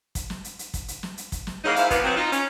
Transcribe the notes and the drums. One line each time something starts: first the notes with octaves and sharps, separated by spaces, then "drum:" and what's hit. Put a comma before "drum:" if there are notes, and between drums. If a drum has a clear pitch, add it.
drum: kick, hi-hat
drum: snare
drum: hi-hat
drum: hi-hat
drum: kick, hi-hat
drum: hi-hat
drum: snare
drum: hi-hat
drum: kick, hi-hat
drum: snare
C#3 F#3 G#3 A#3 C#4 D#4
G#2 E4 F5, drum: hi-hat
B2 E3 F3 A#3 B3, drum: kick, hi-hat
F#3 B3 C4
D#4 F4
C#4, drum: hi-hat